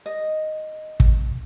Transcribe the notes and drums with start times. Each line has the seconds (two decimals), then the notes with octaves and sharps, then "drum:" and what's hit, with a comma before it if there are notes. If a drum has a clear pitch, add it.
0.06 D#5
1.00 drum: kick